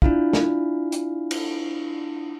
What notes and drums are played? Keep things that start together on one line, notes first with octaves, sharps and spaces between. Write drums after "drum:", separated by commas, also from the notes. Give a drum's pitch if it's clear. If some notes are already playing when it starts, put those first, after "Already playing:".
D4 E4 F4 F5, drum: kick
drum: snare
drum: hi-hat
drum: cymbal